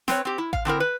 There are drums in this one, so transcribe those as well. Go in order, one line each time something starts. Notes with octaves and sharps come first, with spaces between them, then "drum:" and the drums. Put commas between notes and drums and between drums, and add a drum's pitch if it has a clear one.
C4 B4 C#5, drum: snare
C4 G4
E4
F5, drum: kick A1
D3 C4 E4 A#4
B4